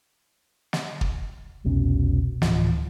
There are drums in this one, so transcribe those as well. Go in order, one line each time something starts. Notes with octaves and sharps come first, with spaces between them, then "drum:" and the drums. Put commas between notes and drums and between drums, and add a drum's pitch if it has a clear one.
drum: snare
drum: kick
F1 C2 B2 C#4
D1 A#1 E3 F3, drum: snare